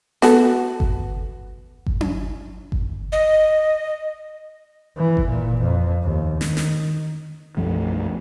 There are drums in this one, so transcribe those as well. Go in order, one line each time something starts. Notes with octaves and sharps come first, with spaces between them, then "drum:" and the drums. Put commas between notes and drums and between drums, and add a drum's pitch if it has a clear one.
B3 F#4 A4, drum: snare
drum: kick G1
drum: kick G1
drum: tom C#4
drum: kick G1
D#5
E3
drum: kick G1
A#2
F2
D#2
D#3, drum: snare
drum: snare
B1 F#2 F3 A3